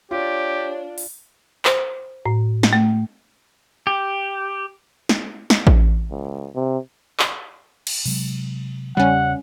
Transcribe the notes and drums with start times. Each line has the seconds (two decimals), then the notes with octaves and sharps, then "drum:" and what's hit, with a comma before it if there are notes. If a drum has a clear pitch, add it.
0.11 D4 F4 G4 C#5
0.98 drum: open hi-hat
1.65 C5, drum: clap
2.26 A2
2.63 drum: snare
2.73 A3
3.87 G4
5.09 drum: snare
5.50 drum: snare
5.67 drum: kick A1
6.11 C#2
6.55 C3
7.20 drum: clap
7.87 drum: cymbal
8.05 C3 F#3 G#3, drum: open hi-hat
8.97 E2 C#3 G3 C#4 F#5